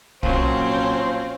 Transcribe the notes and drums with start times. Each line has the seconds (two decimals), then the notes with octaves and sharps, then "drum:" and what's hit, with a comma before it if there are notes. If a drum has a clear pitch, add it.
0.23 A#2 F3 F#3 C4 C#4 C5, drum: kick